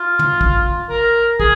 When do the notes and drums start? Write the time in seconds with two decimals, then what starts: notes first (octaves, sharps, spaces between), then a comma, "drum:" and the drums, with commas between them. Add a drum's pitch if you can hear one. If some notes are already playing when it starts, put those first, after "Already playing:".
Already playing: F4
0.19 drum: tom
0.41 drum: kick
0.90 A#4
1.40 G#4, drum: kick